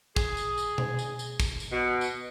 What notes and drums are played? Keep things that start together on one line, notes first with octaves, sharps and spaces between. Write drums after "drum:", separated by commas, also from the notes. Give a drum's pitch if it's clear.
G#4, drum: kick, tambourine
drum: tambourine
drum: tambourine
drum: tom B2
drum: tambourine
drum: tambourine
drum: kick, tambourine
drum: tambourine
B2
drum: tambourine